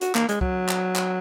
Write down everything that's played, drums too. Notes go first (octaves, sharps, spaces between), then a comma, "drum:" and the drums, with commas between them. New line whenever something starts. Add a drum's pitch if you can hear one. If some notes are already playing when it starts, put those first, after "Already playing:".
F#4, drum: hi-hat
A#3, drum: clap
G#3, drum: hi-hat
F#3, drum: kick C2
drum: clap
drum: clap